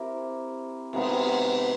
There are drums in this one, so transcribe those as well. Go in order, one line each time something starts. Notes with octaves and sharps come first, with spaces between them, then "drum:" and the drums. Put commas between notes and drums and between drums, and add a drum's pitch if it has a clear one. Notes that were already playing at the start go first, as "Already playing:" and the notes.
Already playing: C4 E4 G4 A#4
C3 D#3 G#3 B3, drum: cymbal